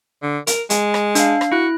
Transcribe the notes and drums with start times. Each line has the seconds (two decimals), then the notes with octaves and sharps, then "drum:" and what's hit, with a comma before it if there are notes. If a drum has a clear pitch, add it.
0.23 D3
0.47 A#4, drum: hi-hat
0.70 G#3, drum: hi-hat
0.94 drum: rim click
1.15 D4 F5, drum: hi-hat
1.41 drum: rim click
1.52 E4 F#4 F#6